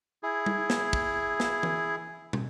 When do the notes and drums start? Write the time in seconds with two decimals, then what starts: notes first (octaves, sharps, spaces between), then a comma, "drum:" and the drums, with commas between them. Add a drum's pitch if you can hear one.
0.23 E4 G#4
0.46 drum: tom G3
0.70 drum: snare
0.93 drum: kick
1.40 drum: snare
1.63 drum: tom E3
2.33 drum: tom